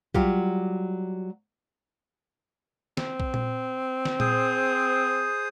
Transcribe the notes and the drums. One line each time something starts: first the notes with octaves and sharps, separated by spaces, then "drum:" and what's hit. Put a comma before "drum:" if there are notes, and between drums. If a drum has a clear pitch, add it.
F#3 G3 F4 G4, drum: kick A#1
C4, drum: snare
drum: kick A#1
drum: tom A#2
drum: snare
G#4 C5 D#6, drum: tom A#2